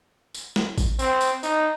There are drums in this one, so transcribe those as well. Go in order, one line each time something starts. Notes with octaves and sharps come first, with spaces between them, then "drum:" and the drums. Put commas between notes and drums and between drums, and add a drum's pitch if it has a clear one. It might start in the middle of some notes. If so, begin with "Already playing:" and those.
drum: tambourine
drum: snare
drum: kick A1, tambourine
C4, drum: tambourine
drum: tambourine
D#4, drum: tambourine